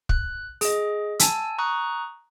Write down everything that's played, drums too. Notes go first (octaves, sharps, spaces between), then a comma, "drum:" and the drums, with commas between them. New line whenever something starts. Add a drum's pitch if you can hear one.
F#6, drum: kick
G#4 D#5, drum: open hi-hat
G#5 A5 E6, drum: hi-hat
A#5 C#6 D#6 F#6